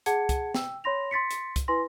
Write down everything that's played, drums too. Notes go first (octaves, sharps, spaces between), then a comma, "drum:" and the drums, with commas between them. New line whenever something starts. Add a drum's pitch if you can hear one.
G#4 F#5 A5 G#6 C#7, drum: hi-hat
drum: kick, hi-hat
G5 E6, drum: snare
C#5 B5 C6 A#6 F7
C6 A6 B6 C#7
drum: hi-hat
drum: kick, hi-hat
E4 B4 G#5 C6 A#6